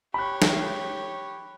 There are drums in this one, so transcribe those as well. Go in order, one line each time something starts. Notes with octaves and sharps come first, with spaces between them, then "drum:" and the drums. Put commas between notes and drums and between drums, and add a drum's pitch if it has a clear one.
G4 C#5 B5 F#6
drum: snare